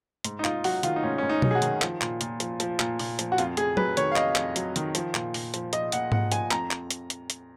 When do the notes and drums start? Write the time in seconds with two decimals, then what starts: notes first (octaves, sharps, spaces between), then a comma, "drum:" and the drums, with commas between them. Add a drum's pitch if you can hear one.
0.24 G#2, drum: hi-hat
0.39 D#4
0.44 G#2 F4, drum: clap
0.64 F#3 F#4, drum: open hi-hat
0.83 D#3 F4, drum: hi-hat
0.96 D#4
1.03 G#2 C#4
1.18 G#2 C#4
1.29 D#4
1.42 F#3, drum: tom B2
1.51 G#4
1.55 F#4
1.62 D#3, drum: hi-hat
1.82 F3, drum: clap
2.01 A#2, drum: clap
2.21 A#2, drum: hi-hat
2.40 F3, drum: hi-hat
2.60 F3, drum: hi-hat
2.80 A#2, drum: clap
2.99 A#2, drum: open hi-hat
3.19 F3, drum: hi-hat
3.32 F#4
3.38 F2 F4, drum: hi-hat
3.57 F2 G#4, drum: hi-hat
3.77 F#3 B4, drum: tom F#3
3.97 D#3 C#5, drum: hi-hat
4.12 F5
4.16 F2 D#5, drum: clap
4.35 F2, drum: clap
4.56 F#3, drum: hi-hat
4.76 D#3, drum: hi-hat
4.95 F3, drum: hi-hat
5.15 A#2, drum: clap
5.34 A#2, drum: open hi-hat
5.54 F3, drum: hi-hat
5.73 F3 D#5, drum: hi-hat
5.92 A#2 F#5, drum: hi-hat
6.12 A#2 F#5, drum: tom G#2
6.32 F3 G#5, drum: hi-hat
6.51 F2 A#5, drum: clap
6.71 drum: clap
6.91 drum: hi-hat
7.10 drum: hi-hat
7.30 drum: hi-hat